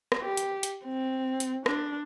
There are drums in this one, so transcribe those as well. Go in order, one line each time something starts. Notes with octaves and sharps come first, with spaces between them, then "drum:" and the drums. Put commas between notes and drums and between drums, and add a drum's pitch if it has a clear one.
drum: rim click
G4
drum: hi-hat
drum: hi-hat
C4
drum: hi-hat
D4, drum: rim click